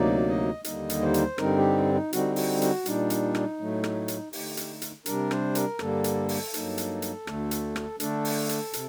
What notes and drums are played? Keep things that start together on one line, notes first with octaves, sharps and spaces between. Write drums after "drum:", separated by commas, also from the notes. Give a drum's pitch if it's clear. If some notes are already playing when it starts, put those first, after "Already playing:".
Already playing: D2 C3 F#3 A#3 D#4 D5
D#5
D#2 D3 G3 A#3 D#4 D#5, drum: hi-hat
drum: hi-hat
C5
drum: hi-hat
G2 D3 G3 C4 D#4 A#4, drum: rim click
G4
D#4
D3 G3 C4 D#4 F#4, drum: hi-hat
F#4, drum: open hi-hat
F#4, drum: hi-hat
A#2 G3 D4 D#4, drum: hi-hat
drum: hi-hat
drum: rim click
A2 F#3 A3
drum: rim click
drum: hi-hat
D3 A3 D#4 G4, drum: open hi-hat
drum: hi-hat
drum: hi-hat
C3 G3 D4 A#4, drum: hi-hat
C5, drum: rim click
A#4, drum: hi-hat
G2 D3 G3 A#3 A4, drum: rim click
drum: hi-hat
drum: open hi-hat
G2 F#3 A#3 D#4, drum: hi-hat
drum: hi-hat
drum: hi-hat
D2 D3 A3, drum: rim click
drum: hi-hat
drum: rim click
D3 A3 D4 A4, drum: hi-hat
drum: open hi-hat
drum: hi-hat
C3, drum: hi-hat